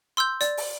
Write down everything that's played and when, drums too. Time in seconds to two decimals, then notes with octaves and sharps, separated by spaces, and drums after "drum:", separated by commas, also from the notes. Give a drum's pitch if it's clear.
0.17 C6 E6 G6
0.41 D5, drum: hi-hat
0.57 drum: open hi-hat